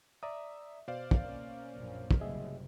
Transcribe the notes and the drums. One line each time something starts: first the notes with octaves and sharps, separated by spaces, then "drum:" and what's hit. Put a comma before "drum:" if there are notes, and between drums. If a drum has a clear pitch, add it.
D5 E5 A#5 D#6
B2 C5 D5 F5
drum: kick
A#3 C#4
A#1 F#2
drum: kick
F#1 A2 C3 G3 G#4 D#5 E5